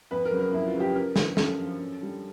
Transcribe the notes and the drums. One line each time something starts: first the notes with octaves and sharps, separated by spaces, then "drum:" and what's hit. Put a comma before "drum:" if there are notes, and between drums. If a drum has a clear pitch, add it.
F2 B4
A#4
C#3 F#3
A#4
F2 E4
F4
C#3 F#3
G4
F#2 A#4
D3 F3, drum: snare
F#2 A4, drum: snare
D3 F3
F#2
D3 G3